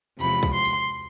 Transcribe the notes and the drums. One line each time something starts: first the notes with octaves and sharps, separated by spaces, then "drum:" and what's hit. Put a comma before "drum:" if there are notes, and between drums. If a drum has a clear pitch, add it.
E2 C3 F3 G#3 B5, drum: tambourine
drum: kick, tambourine
C6
drum: tambourine